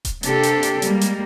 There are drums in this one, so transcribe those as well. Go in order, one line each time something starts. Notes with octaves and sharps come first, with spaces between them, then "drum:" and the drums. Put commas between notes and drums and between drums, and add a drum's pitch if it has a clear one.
drum: kick D#1, hi-hat
C3 A#3 D4 G4 A4, drum: hi-hat
drum: hi-hat
drum: hi-hat
G3 G#3 A#3, drum: hi-hat
drum: hi-hat